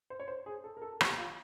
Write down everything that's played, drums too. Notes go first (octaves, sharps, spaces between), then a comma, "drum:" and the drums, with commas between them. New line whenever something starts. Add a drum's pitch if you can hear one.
C5
C#5
C5
G#4
A4
A#4
A4
G4, drum: rim click
F4